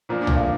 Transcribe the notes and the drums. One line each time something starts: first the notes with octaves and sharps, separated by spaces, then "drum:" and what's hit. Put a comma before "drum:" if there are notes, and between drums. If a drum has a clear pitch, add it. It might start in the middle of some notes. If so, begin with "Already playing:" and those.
A#2 F3 A#3 D4
drum: tom C2
F5